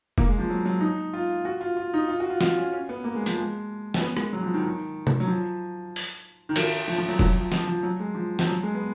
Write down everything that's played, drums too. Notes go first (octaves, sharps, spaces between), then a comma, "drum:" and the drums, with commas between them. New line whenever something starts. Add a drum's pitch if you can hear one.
A#3, drum: kick F1
G#3
F3
F#3
F#3
D#4
F4
F#4
F4
F4
D#4
F4
F#4
F4
F4, drum: snare
C#4
C#4
B3
A#3
G#3
F3, drum: hi-hat
G#3
C#4, drum: snare
B3
G#3, drum: rim click
F#3
F3
D#3
D#3
drum: tom C3
F#3
F3
drum: open hi-hat
D#3
F3, drum: cymbal
F3
F3
F#3
F#3, drum: kick F1
F3
F3, drum: snare
F3
F#3
G#3
F3
F3, drum: snare
F#3
G#3
B3